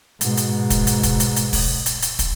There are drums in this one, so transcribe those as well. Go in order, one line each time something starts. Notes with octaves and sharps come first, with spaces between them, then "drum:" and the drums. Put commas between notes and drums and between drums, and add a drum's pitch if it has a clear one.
G#2 B2, drum: hi-hat
drum: hi-hat
drum: kick, hi-hat
drum: hi-hat
drum: kick, hi-hat
drum: hi-hat
drum: hi-hat
drum: kick, open hi-hat
drum: hi-hat
drum: hi-hat
drum: kick, hi-hat